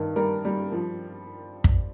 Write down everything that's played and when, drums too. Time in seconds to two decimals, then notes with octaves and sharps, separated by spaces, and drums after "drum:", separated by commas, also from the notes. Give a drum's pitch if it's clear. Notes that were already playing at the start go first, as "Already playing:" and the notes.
Already playing: G2 D#3
0.16 G3 A#4
0.45 G3
0.72 F3
1.64 drum: kick